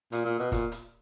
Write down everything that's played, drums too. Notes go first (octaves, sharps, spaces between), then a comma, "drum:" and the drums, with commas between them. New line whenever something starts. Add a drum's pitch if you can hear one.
A#2, drum: hi-hat
A#2
B2
A#2, drum: kick, hi-hat
drum: hi-hat